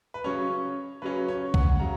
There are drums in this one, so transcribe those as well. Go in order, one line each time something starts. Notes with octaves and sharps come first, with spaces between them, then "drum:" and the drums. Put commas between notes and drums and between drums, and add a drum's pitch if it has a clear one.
B4
C#3 F#3 C#4 C#5
C#3 F#3 C#4 B4
C#5
F#5, drum: kick B1
C#3 F#3 A#5